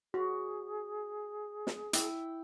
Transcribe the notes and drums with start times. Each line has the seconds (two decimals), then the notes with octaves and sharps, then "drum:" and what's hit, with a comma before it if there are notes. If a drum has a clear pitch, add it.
0.14 F#4 G#4
1.67 drum: snare
1.93 E4 G5, drum: hi-hat